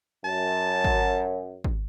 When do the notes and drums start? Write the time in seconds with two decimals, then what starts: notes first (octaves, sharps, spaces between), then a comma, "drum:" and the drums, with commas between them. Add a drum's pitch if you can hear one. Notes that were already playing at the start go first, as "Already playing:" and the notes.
0.24 F#2 A5
0.84 drum: kick
1.64 drum: kick